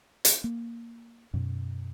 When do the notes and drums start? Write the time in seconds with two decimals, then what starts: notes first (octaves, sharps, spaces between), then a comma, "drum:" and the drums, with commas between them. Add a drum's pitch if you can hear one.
0.25 drum: hi-hat
0.44 A#3
1.33 F#2 B2